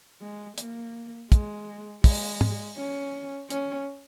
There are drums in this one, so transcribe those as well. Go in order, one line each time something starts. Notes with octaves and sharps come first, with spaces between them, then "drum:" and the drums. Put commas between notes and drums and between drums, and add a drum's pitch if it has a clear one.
G#3
A#3, drum: hi-hat
G#3, drum: kick, hi-hat
G#3, drum: kick, open hi-hat
drum: tom
C#4
C#4, drum: hi-hat